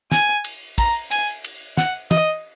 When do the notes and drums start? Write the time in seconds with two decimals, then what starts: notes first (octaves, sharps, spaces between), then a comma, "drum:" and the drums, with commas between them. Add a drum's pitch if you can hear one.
0.12 G#5, drum: snare
0.44 drum: cymbal
0.78 A#5, drum: kick, cymbal
1.11 G#5, drum: cymbal
1.44 drum: cymbal
1.77 F#5, drum: snare
2.11 D#5, drum: tom